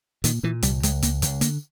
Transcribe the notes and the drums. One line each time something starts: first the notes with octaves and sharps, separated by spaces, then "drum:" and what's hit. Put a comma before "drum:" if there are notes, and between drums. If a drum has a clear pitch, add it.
A#2 D#3, drum: hi-hat
A#2 E3
C2 G3, drum: hi-hat
C#2 G#3, drum: hi-hat
C#2 A#3, drum: hi-hat
C#2, drum: hi-hat
D3 A#3, drum: hi-hat